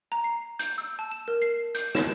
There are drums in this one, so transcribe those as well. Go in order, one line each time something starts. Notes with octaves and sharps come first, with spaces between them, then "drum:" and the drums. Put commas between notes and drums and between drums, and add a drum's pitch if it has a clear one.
A#5
C7
G6, drum: hi-hat
E6
A5
E7
A#4
C7
G6, drum: hi-hat
E7, drum: snare